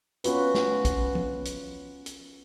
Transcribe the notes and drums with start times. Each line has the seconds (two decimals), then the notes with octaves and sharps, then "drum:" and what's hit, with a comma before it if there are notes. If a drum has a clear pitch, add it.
0.24 B3 C#4 F4 F#4 B4, drum: hi-hat
0.54 drum: snare
0.85 drum: kick B1, hi-hat
1.15 drum: tom F3
1.45 drum: hi-hat
2.06 drum: hi-hat